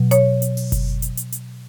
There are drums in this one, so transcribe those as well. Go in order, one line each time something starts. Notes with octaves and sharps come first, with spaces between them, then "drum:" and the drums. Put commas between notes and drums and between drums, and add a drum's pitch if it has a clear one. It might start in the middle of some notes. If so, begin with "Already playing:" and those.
Already playing: B2 F#3
C#5, drum: hi-hat
drum: hi-hat
drum: open hi-hat
drum: kick F#1, hi-hat
drum: hi-hat
drum: hi-hat
drum: hi-hat